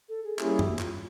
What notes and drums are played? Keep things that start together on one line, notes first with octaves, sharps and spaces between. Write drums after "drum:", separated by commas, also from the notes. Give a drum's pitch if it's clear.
A4
G#4
G3 A#3 C#4 E4 G4 G#4, drum: clap
F#4, drum: tom F#2
F4, drum: clap